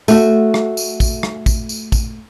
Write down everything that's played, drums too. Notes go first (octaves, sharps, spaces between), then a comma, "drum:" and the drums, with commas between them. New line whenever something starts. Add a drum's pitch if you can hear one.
A3 F#4, drum: tambourine
drum: rim click
drum: tambourine
drum: kick, tambourine
drum: rim click
drum: kick, tambourine
drum: tambourine
drum: kick, tambourine